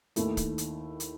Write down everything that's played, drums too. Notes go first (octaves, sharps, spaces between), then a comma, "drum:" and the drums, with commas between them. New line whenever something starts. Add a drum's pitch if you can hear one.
D#2 D#3 A3 E4, drum: hi-hat
drum: kick, hi-hat
drum: hi-hat
drum: hi-hat